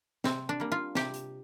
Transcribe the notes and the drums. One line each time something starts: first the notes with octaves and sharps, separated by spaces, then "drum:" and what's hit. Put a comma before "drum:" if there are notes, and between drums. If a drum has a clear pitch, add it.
C3 C4, drum: snare
D4
G3 A#3
F4
C3 G4, drum: snare
drum: hi-hat